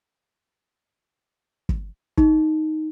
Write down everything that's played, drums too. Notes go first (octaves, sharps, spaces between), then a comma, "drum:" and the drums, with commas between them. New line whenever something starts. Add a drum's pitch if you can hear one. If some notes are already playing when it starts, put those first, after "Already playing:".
drum: kick
D#4, drum: kick